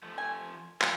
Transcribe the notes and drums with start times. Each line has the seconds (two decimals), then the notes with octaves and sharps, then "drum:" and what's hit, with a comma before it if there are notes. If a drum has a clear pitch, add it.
0.03 F3 A3
0.18 G#5
0.81 F3 C6, drum: clap